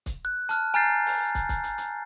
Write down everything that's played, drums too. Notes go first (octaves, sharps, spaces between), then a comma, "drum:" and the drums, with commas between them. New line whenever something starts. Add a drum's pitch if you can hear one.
drum: kick, hi-hat
F#6
A5 F6 F#6, drum: hi-hat
G#5 A#5 F6 G6 A6 C7
drum: open hi-hat
drum: kick, hi-hat
drum: kick, hi-hat
drum: hi-hat
drum: hi-hat